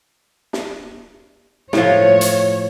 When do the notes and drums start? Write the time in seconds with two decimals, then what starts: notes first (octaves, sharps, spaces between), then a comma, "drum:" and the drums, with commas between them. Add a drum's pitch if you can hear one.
0.53 drum: snare
1.73 A2 F3 C#5, drum: snare
2.21 drum: hi-hat